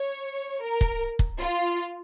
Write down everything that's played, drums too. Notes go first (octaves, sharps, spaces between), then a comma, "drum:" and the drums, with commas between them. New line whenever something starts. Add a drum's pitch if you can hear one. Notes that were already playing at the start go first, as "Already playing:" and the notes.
Already playing: C#5
A#4
drum: kick
drum: kick
F4